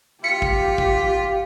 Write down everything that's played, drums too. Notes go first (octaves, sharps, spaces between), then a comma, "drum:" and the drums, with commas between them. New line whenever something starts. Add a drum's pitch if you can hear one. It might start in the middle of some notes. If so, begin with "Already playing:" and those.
F4 G4 B6 C#7
drum: kick
drum: kick